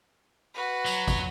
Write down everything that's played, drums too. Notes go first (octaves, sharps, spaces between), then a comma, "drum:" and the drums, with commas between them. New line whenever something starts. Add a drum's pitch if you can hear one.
F#4 B4
F#3, drum: tambourine
drum: kick, tambourine